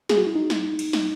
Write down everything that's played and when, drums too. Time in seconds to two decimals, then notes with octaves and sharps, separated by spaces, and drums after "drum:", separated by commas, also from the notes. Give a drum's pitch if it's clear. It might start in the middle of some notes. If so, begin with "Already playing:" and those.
0.09 G#4, drum: snare
0.18 F#4
0.27 E4
0.36 D#4
0.50 drum: snare
0.79 drum: cymbal
0.93 D#4, drum: snare